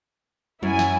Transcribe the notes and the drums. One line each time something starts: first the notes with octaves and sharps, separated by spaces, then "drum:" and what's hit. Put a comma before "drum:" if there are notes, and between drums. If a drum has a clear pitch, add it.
F#2 E4 G#5, drum: tom F#3
drum: snare